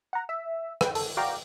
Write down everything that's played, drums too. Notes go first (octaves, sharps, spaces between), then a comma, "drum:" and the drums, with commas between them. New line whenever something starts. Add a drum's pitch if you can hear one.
F#5 A#5
E5
B4 G5, drum: rim click
A4, drum: open hi-hat
F#4 D5 F5 G5 A#5 D6